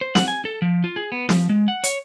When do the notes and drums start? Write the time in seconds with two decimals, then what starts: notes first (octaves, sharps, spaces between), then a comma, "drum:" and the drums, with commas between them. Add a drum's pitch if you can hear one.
0.01 C5
0.15 F#5, drum: snare
0.28 G#5
0.45 A4
0.62 F3
0.84 F4
0.96 G#4
1.12 B3
1.29 F3, drum: snare
1.49 G#3
1.68 F#5
1.84 C#5, drum: hi-hat